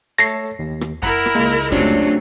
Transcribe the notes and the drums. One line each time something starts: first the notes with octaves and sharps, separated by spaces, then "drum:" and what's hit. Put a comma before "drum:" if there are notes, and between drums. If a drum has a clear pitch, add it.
A3 A4 C#5 A#6 C7
D#2
drum: rim click
E4 A#4 F#5 A#5 B5, drum: kick F2
drum: rim click
C#2 G#3 A#3
C3 F3 F#3 A3 C#4 D4, drum: kick F2